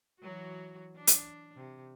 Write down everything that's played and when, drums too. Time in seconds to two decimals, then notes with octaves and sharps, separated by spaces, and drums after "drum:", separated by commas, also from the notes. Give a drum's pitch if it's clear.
0.20 E3 F#3 F#4
0.96 D4
1.07 drum: hi-hat
1.56 C3